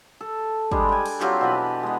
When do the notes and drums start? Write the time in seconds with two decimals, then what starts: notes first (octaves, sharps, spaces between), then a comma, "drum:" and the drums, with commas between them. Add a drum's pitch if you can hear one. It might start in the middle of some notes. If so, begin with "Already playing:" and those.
0.21 A4
0.71 G3 G#3 D4 G#4, drum: kick
0.89 G5 G#5
1.06 drum: cymbal
1.20 F#3 C4 F4 G4, drum: clap
1.41 B2 E3 B4 A5
1.83 G#3 B3